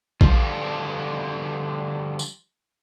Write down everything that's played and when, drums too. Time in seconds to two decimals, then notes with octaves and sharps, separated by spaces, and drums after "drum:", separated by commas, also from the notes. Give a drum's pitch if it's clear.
0.21 D3 F3 G3 F4, drum: kick A#1
2.19 drum: tambourine